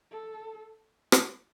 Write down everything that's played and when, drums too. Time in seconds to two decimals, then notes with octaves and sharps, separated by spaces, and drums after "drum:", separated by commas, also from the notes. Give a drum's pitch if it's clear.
0.11 A4
1.12 drum: rim click